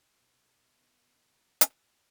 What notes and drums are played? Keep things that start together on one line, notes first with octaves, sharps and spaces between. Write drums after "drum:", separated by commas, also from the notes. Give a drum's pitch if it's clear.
B2 D#3
drum: hi-hat